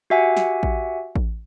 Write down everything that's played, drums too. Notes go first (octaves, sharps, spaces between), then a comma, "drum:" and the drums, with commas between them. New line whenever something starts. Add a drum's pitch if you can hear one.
F#4 G4 E5 F#5 G#5
drum: snare
drum: kick A1
drum: kick A1